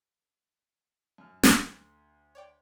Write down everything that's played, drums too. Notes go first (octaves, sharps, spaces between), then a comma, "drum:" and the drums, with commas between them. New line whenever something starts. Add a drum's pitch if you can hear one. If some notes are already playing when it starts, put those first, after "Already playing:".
F#2 F6
D2 C#4, drum: snare
C#5 D5 G5